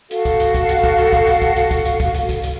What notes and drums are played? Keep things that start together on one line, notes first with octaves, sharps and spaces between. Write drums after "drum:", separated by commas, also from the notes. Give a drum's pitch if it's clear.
F#4 A4 F5, drum: hi-hat
drum: kick, hi-hat
drum: hi-hat
drum: kick, hi-hat
drum: hi-hat
drum: kick, hi-hat
drum: hi-hat
drum: kick, hi-hat
drum: hi-hat
drum: kick, hi-hat
drum: hi-hat
drum: kick, hi-hat
drum: hi-hat
drum: kick, hi-hat
drum: hi-hat
drum: kick, hi-hat
drum: hi-hat